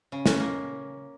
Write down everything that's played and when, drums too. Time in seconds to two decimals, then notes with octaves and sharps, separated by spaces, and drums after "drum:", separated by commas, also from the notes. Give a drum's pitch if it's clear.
0.12 C#3
0.26 C#4, drum: snare
0.40 A#3